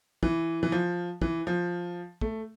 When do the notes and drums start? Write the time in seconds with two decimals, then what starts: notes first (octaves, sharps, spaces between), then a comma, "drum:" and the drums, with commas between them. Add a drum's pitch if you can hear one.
0.23 E3, drum: kick
0.63 E3
0.72 F3
1.22 E3, drum: kick
1.47 F3
2.21 A3, drum: kick